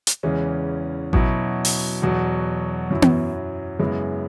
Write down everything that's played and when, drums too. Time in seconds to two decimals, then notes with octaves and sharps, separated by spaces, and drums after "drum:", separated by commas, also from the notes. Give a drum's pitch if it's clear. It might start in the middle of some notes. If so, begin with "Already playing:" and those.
0.07 drum: hi-hat
0.23 E2 C#3 E3 G#3 C#4
1.13 B2 F#3 E4, drum: kick A1
1.65 drum: open hi-hat
2.02 E2 B2 F#3
2.91 F#2 F#3 E4
3.02 drum: tom B3
3.79 F#2 C#3 G#3 B3 E4